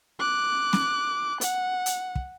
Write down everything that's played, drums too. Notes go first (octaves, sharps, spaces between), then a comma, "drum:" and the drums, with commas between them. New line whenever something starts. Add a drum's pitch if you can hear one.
D6 F#6
drum: snare
F#5, drum: hi-hat
drum: hi-hat
drum: kick